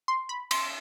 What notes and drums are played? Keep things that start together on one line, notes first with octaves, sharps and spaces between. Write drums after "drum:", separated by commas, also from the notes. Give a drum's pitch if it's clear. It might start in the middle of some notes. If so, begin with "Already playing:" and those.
C6
B5
C6, drum: cymbal